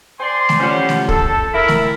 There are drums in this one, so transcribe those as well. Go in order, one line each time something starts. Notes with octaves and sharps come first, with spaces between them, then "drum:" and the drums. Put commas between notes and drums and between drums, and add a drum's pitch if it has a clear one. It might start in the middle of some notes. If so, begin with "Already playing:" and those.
C5 D5 G#5 C6
drum: snare A3
A2 G3 C#4 F4 C5 F#5
drum: snare A3
A4, drum: kick
E4 A#4 B5
drum: snare A3